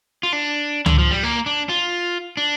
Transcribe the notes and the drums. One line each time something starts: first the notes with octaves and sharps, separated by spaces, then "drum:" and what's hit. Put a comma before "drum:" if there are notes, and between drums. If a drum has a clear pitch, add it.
F4
D4
D3, drum: tom C#2
F3
G3
A#3
D4
F4
D4